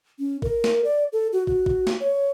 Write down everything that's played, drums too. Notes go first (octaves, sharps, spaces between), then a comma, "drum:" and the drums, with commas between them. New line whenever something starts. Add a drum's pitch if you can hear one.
C#4
A#4, drum: kick
drum: snare
D5
A4
F#4
F#4, drum: kick
drum: kick
drum: snare
C#5